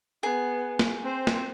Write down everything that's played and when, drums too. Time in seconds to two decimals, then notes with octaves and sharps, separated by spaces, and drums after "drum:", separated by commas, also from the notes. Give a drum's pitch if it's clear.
0.23 B3 G#4
0.79 drum: snare
1.03 C4 C5
1.27 drum: snare